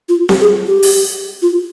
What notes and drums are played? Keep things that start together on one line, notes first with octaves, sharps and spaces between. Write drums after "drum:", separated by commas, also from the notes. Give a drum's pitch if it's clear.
F4
G4, drum: snare C4
G#4
G4
drum: open hi-hat
F4